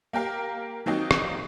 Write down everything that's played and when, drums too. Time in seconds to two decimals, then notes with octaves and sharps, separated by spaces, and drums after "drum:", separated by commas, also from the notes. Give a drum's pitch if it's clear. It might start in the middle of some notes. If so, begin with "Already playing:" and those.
0.13 A#3 G4 A#4 F5
0.86 D#3 F#3 A#3 C4 D#4
1.11 drum: rim click